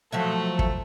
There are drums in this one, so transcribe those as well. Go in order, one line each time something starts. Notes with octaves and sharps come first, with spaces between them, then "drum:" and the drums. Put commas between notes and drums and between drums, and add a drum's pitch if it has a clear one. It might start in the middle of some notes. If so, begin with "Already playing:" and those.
F3 F#3 A3 E5
drum: kick